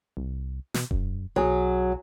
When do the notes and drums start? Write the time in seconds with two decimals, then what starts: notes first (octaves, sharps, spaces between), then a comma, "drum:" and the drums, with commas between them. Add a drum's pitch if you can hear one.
0.17 C2
0.74 B2, drum: snare
0.91 F#2, drum: kick E1
1.36 B1 F#3 G#4